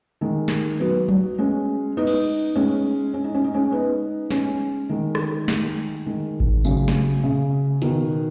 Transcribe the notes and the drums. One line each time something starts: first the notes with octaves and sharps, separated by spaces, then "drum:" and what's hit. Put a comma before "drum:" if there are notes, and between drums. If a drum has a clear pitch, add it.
D#3 G#3
drum: snare
F#3 B3
drum: tom F#3
G#3 C#4
B3 D#4
drum: cymbal
G#3 C#4
C#4
D#4
C#4
D#4
G#3 C#4
B3 D#4
G#3 C#4, drum: snare
D#3 G#3
drum: rim click
drum: snare
D#3 G#3
drum: kick G#1
C#3 F#3, drum: tambourine
drum: snare
C#3
B2 D#3, drum: hi-hat